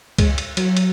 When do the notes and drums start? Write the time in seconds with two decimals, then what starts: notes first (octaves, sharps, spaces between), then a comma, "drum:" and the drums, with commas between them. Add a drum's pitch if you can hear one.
0.18 G#3, drum: kick, cymbal
0.38 drum: cymbal
0.57 F#3, drum: cymbal
0.77 drum: cymbal